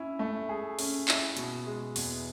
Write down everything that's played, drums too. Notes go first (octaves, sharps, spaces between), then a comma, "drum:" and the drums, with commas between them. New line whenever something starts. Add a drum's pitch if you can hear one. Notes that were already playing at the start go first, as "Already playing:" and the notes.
Already playing: C#4 E4
A3
G#4
C#4, drum: open hi-hat
E4, drum: clap
B2, drum: hi-hat
G#3
E2, drum: open hi-hat